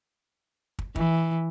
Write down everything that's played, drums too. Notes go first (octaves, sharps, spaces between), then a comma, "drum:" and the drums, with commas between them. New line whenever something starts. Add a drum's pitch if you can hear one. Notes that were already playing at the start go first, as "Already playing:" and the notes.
drum: kick
E3, drum: kick